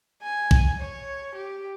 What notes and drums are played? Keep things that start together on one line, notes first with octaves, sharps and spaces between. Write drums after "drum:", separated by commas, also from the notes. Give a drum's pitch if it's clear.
G#5
drum: kick
C#5
G4